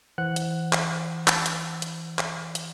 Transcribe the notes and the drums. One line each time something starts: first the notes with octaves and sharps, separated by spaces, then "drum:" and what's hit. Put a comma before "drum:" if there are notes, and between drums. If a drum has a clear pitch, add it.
E3 C5 F#5 F#6
drum: hi-hat
drum: clap
drum: clap
drum: hi-hat
drum: hi-hat
drum: clap
drum: hi-hat